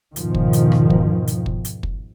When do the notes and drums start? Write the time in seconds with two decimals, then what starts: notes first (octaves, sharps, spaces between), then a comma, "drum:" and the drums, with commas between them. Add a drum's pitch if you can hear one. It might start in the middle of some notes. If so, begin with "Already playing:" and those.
0.16 E2 G#2 B2 D#3 F3, drum: hi-hat
0.35 drum: kick
0.53 drum: hi-hat
0.72 drum: rim click
0.90 drum: kick
1.27 drum: hi-hat
1.46 drum: kick
1.65 drum: hi-hat
1.83 drum: kick